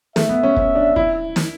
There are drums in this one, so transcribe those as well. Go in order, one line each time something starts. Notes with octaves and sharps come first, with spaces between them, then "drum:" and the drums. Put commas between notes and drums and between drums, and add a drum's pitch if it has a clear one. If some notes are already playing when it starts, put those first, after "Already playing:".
A3 E5, drum: snare
B3
C#4
C#4, drum: kick
D4
E4, drum: kick
drum: snare